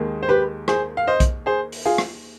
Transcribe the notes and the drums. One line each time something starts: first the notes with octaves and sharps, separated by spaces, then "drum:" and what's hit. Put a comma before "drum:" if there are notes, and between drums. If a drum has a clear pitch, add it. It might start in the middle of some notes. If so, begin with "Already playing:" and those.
Already playing: D#2 D#3 G#3
C5
G4 B4
G#4 C5, drum: rim click
F5
C5 D#5
drum: kick B1, hi-hat
G#4 C5
drum: open hi-hat
F4 G#4
drum: rim click